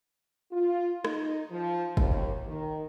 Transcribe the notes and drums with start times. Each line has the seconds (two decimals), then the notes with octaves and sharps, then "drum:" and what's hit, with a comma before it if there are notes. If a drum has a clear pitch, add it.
0.51 F4
1.05 D#4, drum: rim click
1.50 F3
1.97 D#2, drum: kick
2.46 D#3